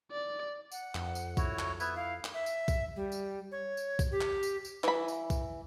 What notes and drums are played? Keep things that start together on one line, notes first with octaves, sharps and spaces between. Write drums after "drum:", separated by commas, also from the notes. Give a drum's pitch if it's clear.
D5
F#5, drum: tambourine
F2, drum: clap
drum: tambourine
E4 F#4 C#5, drum: kick B1, tambourine
drum: clap
B3 B4 E5 G#6, drum: tambourine
E4 F5
drum: clap
E5
drum: tambourine
drum: kick B1, tambourine
G3
drum: tambourine
C#5
drum: tambourine
drum: kick B1, tambourine
G4
drum: clap
drum: tambourine
drum: tambourine
E3 B5, drum: clap
drum: tambourine
drum: kick B1, tambourine